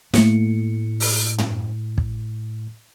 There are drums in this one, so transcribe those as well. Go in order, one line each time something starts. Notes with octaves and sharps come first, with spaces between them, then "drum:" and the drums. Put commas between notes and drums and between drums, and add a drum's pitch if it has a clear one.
A2 A3 A#3 C#7, drum: snare
drum: open hi-hat
drum: tom
drum: kick